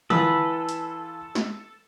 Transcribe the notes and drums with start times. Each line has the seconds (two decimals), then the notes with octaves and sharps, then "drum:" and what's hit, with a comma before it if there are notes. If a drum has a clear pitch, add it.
0.10 E3 F4 A4 B4 E6, drum: tom D3
0.69 drum: hi-hat
1.35 drum: snare